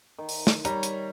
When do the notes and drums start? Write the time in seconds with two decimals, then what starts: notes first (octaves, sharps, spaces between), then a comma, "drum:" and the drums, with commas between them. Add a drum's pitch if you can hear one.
0.19 D#3
0.29 drum: open hi-hat
0.47 drum: snare
0.65 G3 C#5 A#5, drum: hi-hat
0.83 drum: hi-hat